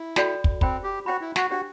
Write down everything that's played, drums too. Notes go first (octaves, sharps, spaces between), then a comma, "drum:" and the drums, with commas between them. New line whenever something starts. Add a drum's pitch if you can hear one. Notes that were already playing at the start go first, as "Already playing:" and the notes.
Already playing: E4
F#4 A4 D5 G5 B5, drum: snare
drum: kick
C4 C5 G5 B5, drum: kick
G4
F#4 C5 G5 B5
E4
F#4, drum: snare
D4 F#4 G4 C5 G5